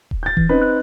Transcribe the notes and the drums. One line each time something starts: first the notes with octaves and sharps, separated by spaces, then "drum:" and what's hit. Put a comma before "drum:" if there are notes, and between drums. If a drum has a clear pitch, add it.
drum: kick D#1
G6 A6
E3, drum: kick D#1
C4 C#4 D#4 B4
F#6